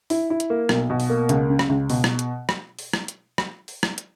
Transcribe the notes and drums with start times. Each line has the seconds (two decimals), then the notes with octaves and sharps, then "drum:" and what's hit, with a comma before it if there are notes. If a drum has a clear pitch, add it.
0.10 E4, drum: open hi-hat
0.30 E4
0.40 drum: hi-hat
0.50 A#3
0.69 B1, drum: rim click
0.90 B2
1.00 drum: open hi-hat
1.10 A#3
1.29 C#2, drum: hi-hat
1.50 C#3
1.59 drum: rim click
1.69 C#2
1.90 B2, drum: open hi-hat
2.04 drum: rim click
2.19 drum: hi-hat
2.49 drum: rim click
2.79 drum: open hi-hat
2.93 drum: rim click
3.08 drum: hi-hat
3.38 drum: rim click
3.68 drum: open hi-hat
3.83 drum: rim click
3.98 drum: hi-hat